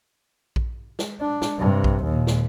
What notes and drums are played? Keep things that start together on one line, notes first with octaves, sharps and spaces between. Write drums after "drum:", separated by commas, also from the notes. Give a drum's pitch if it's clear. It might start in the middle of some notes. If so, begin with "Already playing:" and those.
drum: kick A#1
drum: snare
D4
drum: snare
G2 C3
drum: kick A#1
D#2 A#2
drum: snare